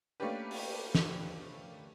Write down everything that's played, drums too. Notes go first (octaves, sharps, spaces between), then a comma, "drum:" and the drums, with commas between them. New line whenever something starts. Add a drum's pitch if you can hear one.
A3 A#3 C#4 D4 G4 B4
drum: open hi-hat
drum: snare